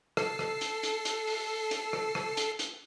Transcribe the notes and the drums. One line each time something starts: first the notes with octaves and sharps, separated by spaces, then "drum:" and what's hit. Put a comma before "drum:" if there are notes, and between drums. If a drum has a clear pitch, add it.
A4 C7, drum: rim click
drum: rim click
drum: hi-hat
drum: hi-hat
drum: hi-hat
drum: open hi-hat
drum: hi-hat
drum: rim click
drum: rim click
drum: hi-hat
drum: hi-hat